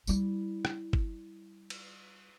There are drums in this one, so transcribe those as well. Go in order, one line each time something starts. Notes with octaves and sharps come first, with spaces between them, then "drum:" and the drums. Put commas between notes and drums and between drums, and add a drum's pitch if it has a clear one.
G3 E4, drum: tambourine
drum: rim click
drum: kick G1
drum: cymbal